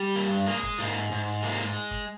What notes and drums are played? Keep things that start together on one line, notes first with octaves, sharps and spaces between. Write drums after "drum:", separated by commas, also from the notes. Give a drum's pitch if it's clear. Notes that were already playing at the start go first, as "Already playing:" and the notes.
Already playing: G3
G2 A#3, drum: hi-hat
drum: hi-hat
G#3 A#3
drum: kick G1, hi-hat
G#2 A#3, drum: hi-hat
drum: hi-hat
G#2, drum: hi-hat
drum: hi-hat
G#3 A#3, drum: hi-hat
drum: hi-hat
drum: hi-hat
drum: kick G1, hi-hat